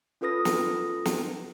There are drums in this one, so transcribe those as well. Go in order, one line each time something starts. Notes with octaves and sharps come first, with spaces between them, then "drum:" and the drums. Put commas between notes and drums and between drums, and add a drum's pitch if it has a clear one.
C#4 F4 A4 B4 D#6 A#6
drum: snare
drum: snare